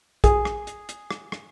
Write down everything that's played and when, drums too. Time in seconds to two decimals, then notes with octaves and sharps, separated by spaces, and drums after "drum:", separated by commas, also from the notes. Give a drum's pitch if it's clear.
0.24 G#4, drum: kick, hi-hat
0.45 drum: rim click
0.67 drum: hi-hat
0.89 drum: hi-hat
1.11 drum: rim click
1.32 drum: rim click